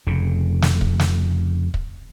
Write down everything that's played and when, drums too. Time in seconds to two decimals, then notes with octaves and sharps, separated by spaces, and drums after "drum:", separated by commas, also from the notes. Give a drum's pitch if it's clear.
0.07 F1 F2 C#3
0.62 drum: snare
0.81 drum: kick
1.00 drum: snare
1.74 drum: kick